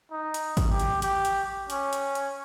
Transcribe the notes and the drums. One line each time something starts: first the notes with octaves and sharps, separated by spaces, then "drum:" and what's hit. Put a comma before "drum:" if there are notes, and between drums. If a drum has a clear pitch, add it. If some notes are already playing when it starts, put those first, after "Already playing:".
D#4
drum: hi-hat
drum: kick G#1, hi-hat
G4
drum: hi-hat
G4, drum: hi-hat
drum: hi-hat
C#4, drum: hi-hat
drum: hi-hat
drum: hi-hat